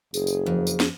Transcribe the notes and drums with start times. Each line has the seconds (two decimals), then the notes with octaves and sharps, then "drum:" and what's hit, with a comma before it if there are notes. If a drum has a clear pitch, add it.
0.14 F#1 G#4, drum: tambourine
0.27 drum: tambourine
0.46 F2
0.67 drum: tambourine
0.80 drum: snare